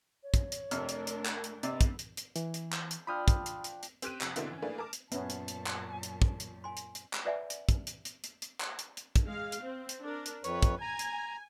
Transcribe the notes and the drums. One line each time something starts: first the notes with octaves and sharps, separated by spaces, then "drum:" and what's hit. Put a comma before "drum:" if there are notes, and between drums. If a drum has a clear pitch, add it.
C#5
drum: kick, hi-hat
drum: hi-hat
F2 C3 A3 D4 A#4 F6, drum: hi-hat
drum: hi-hat
drum: hi-hat
drum: clap
drum: hi-hat
C3 B3 D5 D#5, drum: hi-hat
drum: kick, hi-hat
drum: hi-hat
drum: hi-hat
E3, drum: hi-hat
drum: hi-hat
drum: clap
drum: hi-hat
F3 D4 G5 B5 D#6 F6
drum: kick, hi-hat
drum: hi-hat
drum: hi-hat
drum: hi-hat
C4 G4 F#6 D#7, drum: hi-hat
F2 C3, drum: clap
G#2 B2 D3 A#3 C4 E4, drum: hi-hat
E3 C#4
A3 A#3 D4 E4 G#4 B4
A#4 A5 D6
drum: hi-hat
F#2 A#2 B3 C#4 E5 A5, drum: hi-hat
drum: hi-hat
drum: hi-hat
drum: clap
drum: hi-hat
drum: kick
drum: hi-hat
G#5 C6
drum: hi-hat
drum: hi-hat
drum: clap
B4 C#5 D5 E5 F#5 G#5
drum: hi-hat
drum: kick, hi-hat
drum: hi-hat
drum: hi-hat
drum: hi-hat
drum: hi-hat
drum: clap
drum: hi-hat
drum: hi-hat
drum: kick, hi-hat
G#3 F5
drum: hi-hat
C4
drum: hi-hat
D4 A#4
drum: hi-hat
F2 B4 C#5, drum: hi-hat
drum: kick, hi-hat
G#5 A#5
drum: hi-hat